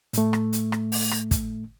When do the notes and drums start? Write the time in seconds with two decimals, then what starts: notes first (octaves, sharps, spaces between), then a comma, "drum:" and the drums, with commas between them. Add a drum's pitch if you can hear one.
0.13 A2 A3, drum: hi-hat
0.33 drum: rim click
0.53 drum: hi-hat
0.72 drum: rim click
0.92 drum: open hi-hat
1.11 drum: rim click
1.31 drum: kick, hi-hat